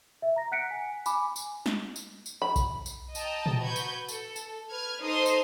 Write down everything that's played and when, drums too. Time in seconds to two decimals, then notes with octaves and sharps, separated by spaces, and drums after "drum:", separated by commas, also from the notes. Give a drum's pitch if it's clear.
0.22 E5
0.36 A#5 A#6
0.52 F#5 F#6 B6 C#7 D7
0.71 G#5
1.06 G#5 B5 D6, drum: tambourine
1.36 drum: tambourine
1.66 drum: snare
1.96 drum: tambourine
2.26 drum: tambourine
2.42 B5
2.56 drum: kick B1, tambourine
2.86 drum: tambourine
3.15 D#5 G5 A5 A#5, drum: tambourine
3.46 drum: tom
3.62 F#4 B4 G6 G#6
3.76 drum: tambourine
4.08 A4, drum: tambourine
4.36 drum: tambourine
4.70 B4 F6 G#6
5.03 D#4 A4 C5 C6 D#6
5.26 drum: tambourine